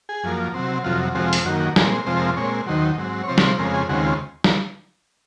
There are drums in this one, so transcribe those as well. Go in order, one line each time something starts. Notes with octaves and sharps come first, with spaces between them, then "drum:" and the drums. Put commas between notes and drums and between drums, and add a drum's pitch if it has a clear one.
G#4
F#2 F3 A#3
C3 F#3 C4
F2 C3 F#3 F4
F2 C3 F3 G#3 C4 F#4
drum: hi-hat
F#2 D#3 A#3 F#4
F#4
A#2 G#3 C4 G#4, drum: snare
C5
F2 C3 F3 G#3 C4 C5
C5
A#4
A#2 G#3 C4 C#5
D#2 D#3 F#3 C5
G#2 F#3 C4
C#5
C3 F3 C4 C5
C#5, drum: snare
C5
F2 C#3 G#3 C4 A#4
G#4
D#2 C#3 G#3 C4 F#4
F4
drum: snare